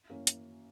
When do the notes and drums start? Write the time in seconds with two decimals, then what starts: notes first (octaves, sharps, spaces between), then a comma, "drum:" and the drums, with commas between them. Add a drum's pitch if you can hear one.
0.09 F#2 E3 A#3 C#4
0.27 drum: hi-hat